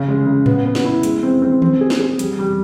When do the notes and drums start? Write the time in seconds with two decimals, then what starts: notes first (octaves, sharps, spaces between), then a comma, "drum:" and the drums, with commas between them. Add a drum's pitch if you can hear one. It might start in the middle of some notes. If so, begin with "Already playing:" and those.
Already playing: C#3
0.08 G#3
0.27 C#3
0.46 B3, drum: tom G#2
0.65 B3
0.75 drum: snare
0.85 E4
1.03 G#3, drum: hi-hat
1.23 C4
1.42 C4
1.62 C4, drum: tom D#3
1.81 G#4
1.90 drum: snare
2.00 G#4
2.19 G3, drum: hi-hat
2.39 G3